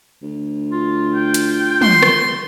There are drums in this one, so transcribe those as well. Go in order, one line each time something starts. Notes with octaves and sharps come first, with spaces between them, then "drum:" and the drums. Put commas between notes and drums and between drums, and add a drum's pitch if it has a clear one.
D2
F4
G5
drum: hi-hat
C6, drum: tom
drum: rim click